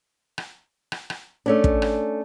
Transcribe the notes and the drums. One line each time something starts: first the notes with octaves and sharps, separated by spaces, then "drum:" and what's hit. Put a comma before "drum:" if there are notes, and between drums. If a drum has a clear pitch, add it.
drum: rim click
drum: rim click
drum: rim click
A3 C#4 D4
drum: kick
drum: rim click